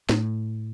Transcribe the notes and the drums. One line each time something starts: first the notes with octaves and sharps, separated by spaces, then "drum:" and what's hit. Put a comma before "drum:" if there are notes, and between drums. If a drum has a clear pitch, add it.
A2, drum: snare